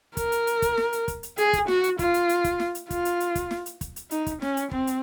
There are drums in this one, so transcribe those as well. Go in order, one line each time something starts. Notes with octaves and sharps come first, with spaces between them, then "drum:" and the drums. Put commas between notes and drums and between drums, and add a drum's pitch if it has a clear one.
A#4, drum: kick, hi-hat
drum: hi-hat
drum: hi-hat
drum: kick, hi-hat
drum: snare
drum: hi-hat
drum: kick, hi-hat
drum: hi-hat
G#4, drum: hi-hat
drum: kick, hi-hat
F#4, drum: snare
drum: hi-hat
F4, drum: kick, hi-hat
drum: hi-hat
drum: hi-hat
drum: kick, hi-hat
drum: snare
drum: hi-hat
F4, drum: kick, hi-hat
drum: hi-hat
drum: hi-hat
drum: kick, hi-hat
drum: snare
drum: hi-hat
drum: kick, hi-hat
drum: hi-hat
D#4, drum: hi-hat
drum: kick, hi-hat
C#4, drum: snare
drum: hi-hat
C4, drum: kick
drum: hi-hat